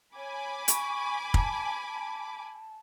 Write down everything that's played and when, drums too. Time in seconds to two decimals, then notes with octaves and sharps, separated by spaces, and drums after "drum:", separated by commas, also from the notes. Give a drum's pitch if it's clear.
0.16 C#5 G#5 B5 D6
0.68 C#6, drum: hi-hat
1.34 A5, drum: kick
1.86 A5